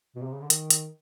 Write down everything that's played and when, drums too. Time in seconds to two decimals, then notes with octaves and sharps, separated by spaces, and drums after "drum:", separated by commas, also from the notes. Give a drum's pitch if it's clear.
0.16 B2
0.24 C3
0.33 C#3
0.41 D3
0.50 D#3, drum: hi-hat
0.70 drum: hi-hat